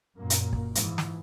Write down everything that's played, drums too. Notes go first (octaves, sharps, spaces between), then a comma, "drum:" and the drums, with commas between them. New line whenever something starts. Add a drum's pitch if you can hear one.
F#2 A#2 A#3
drum: hi-hat
drum: kick
G#2 E3 F3, drum: hi-hat
drum: snare